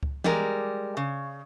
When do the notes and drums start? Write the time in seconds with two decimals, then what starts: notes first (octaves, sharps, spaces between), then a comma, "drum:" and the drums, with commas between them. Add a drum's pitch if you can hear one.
0.03 drum: kick C#2
0.24 G3 G#3 A#4, drum: tom E3
0.97 C#3